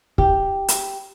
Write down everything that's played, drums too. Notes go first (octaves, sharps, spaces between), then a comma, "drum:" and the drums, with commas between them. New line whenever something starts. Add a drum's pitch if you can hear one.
G4, drum: kick
drum: hi-hat